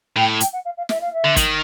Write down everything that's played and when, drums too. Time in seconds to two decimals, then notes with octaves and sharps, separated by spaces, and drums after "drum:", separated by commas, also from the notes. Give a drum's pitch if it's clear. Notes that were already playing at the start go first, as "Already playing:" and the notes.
0.16 A2 G5
0.40 G5, drum: hi-hat
0.52 F#5
0.65 F5
0.77 F5
0.89 E5, drum: snare
1.00 F5
1.13 E5
1.24 D3
1.36 D#3, drum: kick, hi-hat